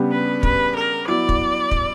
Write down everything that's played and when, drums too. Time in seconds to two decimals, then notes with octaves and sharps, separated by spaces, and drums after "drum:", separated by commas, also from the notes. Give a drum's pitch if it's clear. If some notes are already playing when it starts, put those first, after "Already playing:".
Already playing: C#3 G3 B3 D4 G4
0.11 B4
0.43 B4, drum: kick
0.75 A#4
1.08 F#3 B3 E4 D5
1.29 drum: kick
1.71 drum: kick